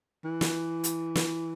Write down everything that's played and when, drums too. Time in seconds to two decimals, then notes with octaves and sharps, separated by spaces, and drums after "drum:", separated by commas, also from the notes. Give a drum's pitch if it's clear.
0.24 E3
0.41 drum: snare
0.84 drum: hi-hat
1.15 drum: snare